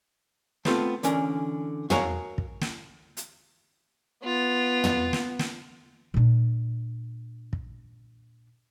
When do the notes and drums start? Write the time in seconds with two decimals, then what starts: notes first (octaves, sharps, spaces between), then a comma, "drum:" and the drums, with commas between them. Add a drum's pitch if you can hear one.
0.65 A3 B3 C4 F4 A4, drum: snare
1.03 D3 E3 C#4 A#4, drum: hi-hat
1.90 F#4 G#4 A#4 C#5 F5, drum: tom
2.38 drum: kick
2.61 drum: snare
3.17 drum: hi-hat
4.24 B3 F4
4.84 drum: tom
5.13 drum: snare
5.39 drum: snare
6.14 A#2 D4
7.53 drum: kick